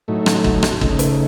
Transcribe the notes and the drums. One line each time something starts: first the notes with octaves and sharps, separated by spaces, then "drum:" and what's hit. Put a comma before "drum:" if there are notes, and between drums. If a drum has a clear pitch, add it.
A2 F#3 A3 D#4
drum: rim click
drum: kick G1
drum: rim click
C#3 A3 D#4, drum: kick G1
drum: hi-hat